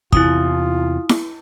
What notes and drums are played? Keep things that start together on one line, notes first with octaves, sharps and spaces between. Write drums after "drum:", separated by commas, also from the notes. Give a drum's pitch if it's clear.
E2 C3 E4 F4 D#6, drum: kick
drum: snare E4